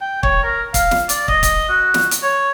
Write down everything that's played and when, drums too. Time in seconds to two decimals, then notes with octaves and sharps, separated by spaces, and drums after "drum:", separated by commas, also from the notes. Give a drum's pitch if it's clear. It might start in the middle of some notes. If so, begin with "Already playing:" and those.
0.01 G5
0.23 C#5, drum: kick
0.43 A#4
0.74 F5, drum: kick, hi-hat
0.91 drum: snare
1.09 D5, drum: hi-hat
1.28 D#5, drum: kick
1.43 drum: kick, hi-hat
1.69 F#4
1.94 drum: snare
2.11 drum: hi-hat
2.23 C#5